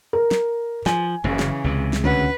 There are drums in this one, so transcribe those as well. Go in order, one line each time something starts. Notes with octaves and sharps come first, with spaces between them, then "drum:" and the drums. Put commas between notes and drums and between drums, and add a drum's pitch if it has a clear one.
A#4
drum: snare
F3 G#5, drum: snare
F#1 F#2 C#3 E3
drum: snare
C#2 C3 G#3
drum: snare
D2 C#4 B4 F#5